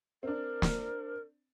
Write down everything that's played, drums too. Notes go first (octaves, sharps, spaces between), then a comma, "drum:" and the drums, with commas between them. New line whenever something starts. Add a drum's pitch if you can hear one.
C4 D4 A#4
drum: snare